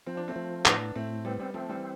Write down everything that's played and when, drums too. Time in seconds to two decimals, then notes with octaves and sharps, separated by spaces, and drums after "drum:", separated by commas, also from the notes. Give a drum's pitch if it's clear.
0.06 F3 C4
0.17 D4
0.28 A3 C4
0.36 F3
0.65 A2 B3 D4, drum: clap
0.95 A2 A3 C4
1.25 G3 B3 C4
1.39 G3 B3
1.54 F3 A3 C4
1.69 E3 G3